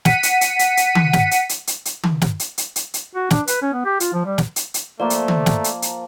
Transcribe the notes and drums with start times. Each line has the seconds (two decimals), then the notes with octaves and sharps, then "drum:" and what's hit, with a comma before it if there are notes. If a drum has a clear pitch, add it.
0.05 F#5 B6 C#7 D#7, drum: snare
0.23 drum: hi-hat
0.41 drum: hi-hat
0.59 drum: hi-hat
0.77 drum: hi-hat
0.95 drum: tom D#3
1.13 drum: snare
1.31 drum: hi-hat
1.49 drum: hi-hat
1.67 drum: hi-hat
1.85 drum: hi-hat
2.03 drum: tom D#3
2.22 drum: snare
2.40 drum: hi-hat
2.58 drum: hi-hat
2.76 drum: hi-hat
2.94 drum: hi-hat
3.15 F#4
3.30 D4, drum: snare
3.47 B4, drum: hi-hat
3.62 C#4
3.73 B3
3.85 G4
4.00 F4, drum: hi-hat
4.13 F3
4.25 G3
4.38 drum: snare
4.56 drum: hi-hat
4.74 drum: hi-hat
5.00 F3 A3 A#3 D5 A5
5.10 drum: hi-hat
5.28 drum: tom D#3
5.46 drum: snare
5.64 drum: hi-hat
5.82 drum: hi-hat